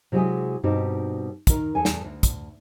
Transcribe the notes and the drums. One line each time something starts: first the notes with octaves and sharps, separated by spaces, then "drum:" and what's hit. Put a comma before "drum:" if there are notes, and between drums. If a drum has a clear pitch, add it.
C3 F#3 G#3 E4 G4 G#4
G2 B2 C4 D#4 G4
D#3 A#4, drum: kick, hi-hat
E2 A4 G#5
drum: snare
D2
drum: kick, hi-hat